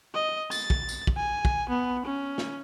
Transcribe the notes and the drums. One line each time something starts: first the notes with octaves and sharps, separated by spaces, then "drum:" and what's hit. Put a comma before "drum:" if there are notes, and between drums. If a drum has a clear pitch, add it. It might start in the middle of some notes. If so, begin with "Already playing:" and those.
D#5
A6, drum: tambourine
drum: kick
drum: tambourine
drum: kick
G#5
drum: kick
B3
C#4
drum: snare